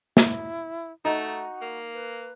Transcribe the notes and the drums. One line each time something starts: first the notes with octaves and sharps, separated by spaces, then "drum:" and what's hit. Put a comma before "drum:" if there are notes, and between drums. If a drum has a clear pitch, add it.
E4, drum: snare
A3 D#4 F#4
A#3
B4